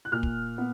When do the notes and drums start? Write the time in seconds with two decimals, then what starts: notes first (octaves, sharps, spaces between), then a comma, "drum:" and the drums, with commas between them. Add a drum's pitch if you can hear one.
0.05 F#6
0.12 A#2 F6
0.23 drum: kick
0.58 B3